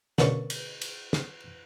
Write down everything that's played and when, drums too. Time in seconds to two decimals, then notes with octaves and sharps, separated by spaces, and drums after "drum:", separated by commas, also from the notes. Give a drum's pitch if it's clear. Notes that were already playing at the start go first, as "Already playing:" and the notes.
0.18 D2 B2 D3 A#3 C#4 C#6, drum: snare
0.50 drum: cymbal
0.81 drum: cymbal
1.13 drum: snare